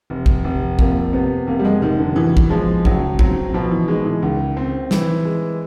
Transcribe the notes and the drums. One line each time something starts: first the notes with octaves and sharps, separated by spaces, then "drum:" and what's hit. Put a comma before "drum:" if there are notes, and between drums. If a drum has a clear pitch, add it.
F1
drum: kick
F1
F2 A#3, drum: kick
C3 B3
F1 A#3
G3
G#3
F1 D#3
D3
B2 E3
drum: kick
F3 G#3
C#2 F#3, drum: kick
F#3 C4, drum: kick
B2 F3
E3
D#3 G#3
E3
C#2 D#3
C4
E3, drum: snare
G#3